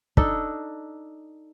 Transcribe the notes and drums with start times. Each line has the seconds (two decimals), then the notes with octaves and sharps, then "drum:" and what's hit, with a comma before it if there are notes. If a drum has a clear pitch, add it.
0.17 D4 D#4 A4, drum: kick